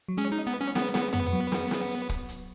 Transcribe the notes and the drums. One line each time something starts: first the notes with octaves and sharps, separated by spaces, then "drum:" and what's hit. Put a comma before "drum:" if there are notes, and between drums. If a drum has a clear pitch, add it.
F#3
G#3 C#4, drum: hi-hat
D#4
B3
C#4
B3, drum: snare
B3, drum: snare
B3, drum: tom F2
F#3
drum: snare
drum: snare
drum: hi-hat
drum: kick, hi-hat
drum: hi-hat